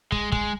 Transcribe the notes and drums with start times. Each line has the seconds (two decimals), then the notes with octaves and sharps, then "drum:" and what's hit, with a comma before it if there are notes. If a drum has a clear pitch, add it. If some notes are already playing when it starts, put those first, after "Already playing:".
0.12 G#3, drum: kick
0.32 G#3, drum: kick